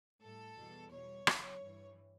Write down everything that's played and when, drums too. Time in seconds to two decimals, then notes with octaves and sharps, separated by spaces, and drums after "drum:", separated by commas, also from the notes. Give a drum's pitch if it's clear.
0.22 A2 G3 A4
0.57 E2 B2 G3
0.92 B2 G3 C#5
1.27 E2 C#3 F#3, drum: rim click
1.61 G2 E3 G3